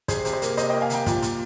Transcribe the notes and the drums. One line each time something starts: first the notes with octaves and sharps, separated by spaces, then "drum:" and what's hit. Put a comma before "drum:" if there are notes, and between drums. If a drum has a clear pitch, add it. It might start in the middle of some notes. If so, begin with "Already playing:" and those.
C3 G#4 C5, drum: kick, hi-hat
C3, drum: hi-hat
G#4 C5
A#3, drum: hi-hat
C3 C5 D#5, drum: hi-hat
A#3 D#5 G5
F5 G#5
C3 G5 A#5, drum: hi-hat
A#2, drum: kick, hi-hat
A#2, drum: hi-hat